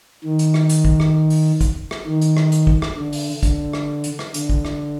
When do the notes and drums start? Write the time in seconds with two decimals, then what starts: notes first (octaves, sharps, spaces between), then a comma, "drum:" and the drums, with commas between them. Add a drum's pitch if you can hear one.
0.24 D#3
0.39 drum: hi-hat
0.54 drum: rim click
0.69 drum: hi-hat
0.85 drum: kick
1.00 drum: rim click
1.30 drum: open hi-hat
1.61 drum: kick, hi-hat
1.91 drum: rim click
2.06 D#3
2.21 drum: hi-hat
2.37 drum: rim click
2.52 drum: hi-hat
2.67 drum: kick
2.82 drum: rim click
2.97 D3
3.13 drum: open hi-hat
3.43 D3, drum: kick, hi-hat
3.73 drum: rim click
4.04 drum: hi-hat
4.19 drum: rim click
4.34 D3, drum: hi-hat
4.49 drum: kick
4.65 drum: rim click